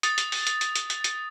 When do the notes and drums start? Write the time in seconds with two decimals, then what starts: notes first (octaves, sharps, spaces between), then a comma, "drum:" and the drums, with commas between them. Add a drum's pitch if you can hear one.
0.03 D#6 A6, drum: hi-hat
0.18 drum: hi-hat
0.32 drum: open hi-hat
0.47 drum: hi-hat
0.61 drum: hi-hat
0.75 drum: hi-hat
0.90 drum: hi-hat
1.04 drum: hi-hat